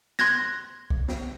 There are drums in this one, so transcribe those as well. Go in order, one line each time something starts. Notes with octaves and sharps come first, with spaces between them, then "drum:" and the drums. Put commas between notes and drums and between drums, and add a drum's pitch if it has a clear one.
C6 F#6 G#6 A#6, drum: snare
drum: kick
drum: snare